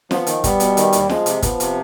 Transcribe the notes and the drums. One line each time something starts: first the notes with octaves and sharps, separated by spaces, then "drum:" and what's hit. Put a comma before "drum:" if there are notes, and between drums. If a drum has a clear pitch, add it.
F3 B3, drum: snare
D#3, drum: hi-hat
G3 B3, drum: kick, hi-hat
B2, drum: hi-hat
D#3, drum: hi-hat
D#2, drum: hi-hat
F3 G#3, drum: snare
C3, drum: hi-hat
F3 B3, drum: kick, hi-hat
C3, drum: hi-hat